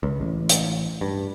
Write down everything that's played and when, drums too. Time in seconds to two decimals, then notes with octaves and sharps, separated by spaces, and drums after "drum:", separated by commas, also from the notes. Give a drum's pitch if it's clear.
0.03 C#2
0.21 A1
0.49 drum: hi-hat
1.01 G2